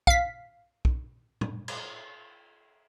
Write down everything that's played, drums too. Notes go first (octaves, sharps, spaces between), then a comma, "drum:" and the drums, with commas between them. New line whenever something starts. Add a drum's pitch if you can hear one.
F5 B6, drum: kick B1
drum: kick B1
drum: tom
drum: cymbal